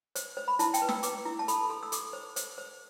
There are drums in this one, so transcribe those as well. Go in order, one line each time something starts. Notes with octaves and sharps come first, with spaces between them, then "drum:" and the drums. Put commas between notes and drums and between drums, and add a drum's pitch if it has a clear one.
C5, drum: hi-hat
C5
B5
E4 A5, drum: hi-hat
G5, drum: hi-hat
B4
E6, drum: snare
B4 D6, drum: hi-hat
E4
A5
A4 B5, drum: hi-hat
A4 C6
E6
A4 D6, drum: hi-hat
C5
C5, drum: hi-hat
C5